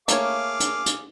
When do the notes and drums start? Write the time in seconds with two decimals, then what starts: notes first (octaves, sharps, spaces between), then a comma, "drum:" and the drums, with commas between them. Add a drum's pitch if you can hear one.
0.08 A3 A#3 G#4 C#5 F5 D6, drum: hi-hat
0.60 drum: hi-hat
0.86 drum: hi-hat